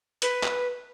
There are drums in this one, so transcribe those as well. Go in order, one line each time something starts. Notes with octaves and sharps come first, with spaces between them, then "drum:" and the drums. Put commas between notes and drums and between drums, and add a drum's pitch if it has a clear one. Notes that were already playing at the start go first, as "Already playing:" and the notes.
B4, drum: hi-hat
drum: clap